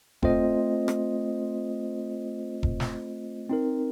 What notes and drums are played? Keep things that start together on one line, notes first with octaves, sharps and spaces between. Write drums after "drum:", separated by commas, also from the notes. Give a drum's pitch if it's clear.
A3 C4 F4 C5 D#5, drum: kick E1
drum: rim click
drum: kick E1
drum: snare
C4 D#4 A#4